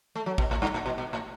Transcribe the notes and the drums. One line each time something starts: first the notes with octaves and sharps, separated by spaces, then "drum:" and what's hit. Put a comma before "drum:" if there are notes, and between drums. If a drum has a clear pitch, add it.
A3
F#3
B2, drum: kick
A2
G2
A2
B2
B2
A2